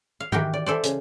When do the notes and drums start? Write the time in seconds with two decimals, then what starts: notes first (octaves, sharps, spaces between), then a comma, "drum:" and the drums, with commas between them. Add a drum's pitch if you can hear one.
0.20 F5
0.32 D#3 E3 F#4 G4 A#4 G5, drum: tom
0.54 D5
0.66 E3 A4 C5 D5
0.83 C#3, drum: hi-hat